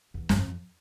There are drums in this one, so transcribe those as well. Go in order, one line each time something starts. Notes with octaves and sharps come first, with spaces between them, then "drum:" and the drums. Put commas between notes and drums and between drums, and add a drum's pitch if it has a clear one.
E2
G2, drum: snare
F2